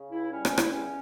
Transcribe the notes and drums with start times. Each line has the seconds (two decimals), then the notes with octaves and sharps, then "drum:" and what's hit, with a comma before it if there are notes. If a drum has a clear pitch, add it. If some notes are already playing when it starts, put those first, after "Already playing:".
Already playing: C#3
0.10 C#2 E4
0.31 G3 C#4
0.45 C#4, drum: rim click
0.51 C#2
0.58 E4, drum: rim click
0.71 E2 C#4